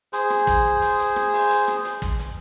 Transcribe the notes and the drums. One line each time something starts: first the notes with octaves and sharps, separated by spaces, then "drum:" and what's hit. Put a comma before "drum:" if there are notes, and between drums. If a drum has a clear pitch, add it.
G#4 C5, drum: hi-hat
drum: rim click
drum: kick, hi-hat
drum: hi-hat
drum: hi-hat
drum: rim click
drum: open hi-hat
drum: hi-hat
drum: rim click
drum: hi-hat
drum: kick, hi-hat
drum: hi-hat